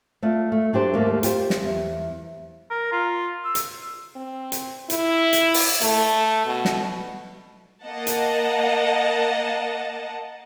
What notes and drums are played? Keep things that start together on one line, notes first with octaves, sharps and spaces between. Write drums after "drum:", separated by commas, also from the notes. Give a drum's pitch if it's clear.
A3 F4 D5 F5
A3
F#3 D4 G4 C5
D#2 G#2 G3 A3 A#3
F4 G4 C5, drum: hi-hat
drum: snare
E2
A#4
F4
E6
drum: hi-hat
C4
drum: hi-hat
E4, drum: hi-hat
drum: hi-hat
drum: open hi-hat
A3, drum: hi-hat
B2
drum: snare
A#3 D#5 F#5 A5
drum: hi-hat